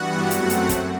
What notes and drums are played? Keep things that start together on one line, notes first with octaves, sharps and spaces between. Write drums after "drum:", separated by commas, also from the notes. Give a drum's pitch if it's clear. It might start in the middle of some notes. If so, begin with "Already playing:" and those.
Already playing: G2 E3 G3 B3 F#4 F#5
F#2 F#3 A3 C4, drum: hi-hat
drum: hi-hat
F#2, drum: kick, hi-hat